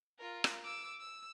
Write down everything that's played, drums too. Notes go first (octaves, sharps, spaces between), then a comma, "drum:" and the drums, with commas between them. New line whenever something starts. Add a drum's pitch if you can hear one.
F4 A#4
drum: rim click
D6 E6
E6